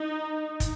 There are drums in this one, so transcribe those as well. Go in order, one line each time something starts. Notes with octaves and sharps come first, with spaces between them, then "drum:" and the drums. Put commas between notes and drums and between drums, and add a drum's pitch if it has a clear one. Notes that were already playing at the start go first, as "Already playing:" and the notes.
Already playing: D#4
drum: kick, hi-hat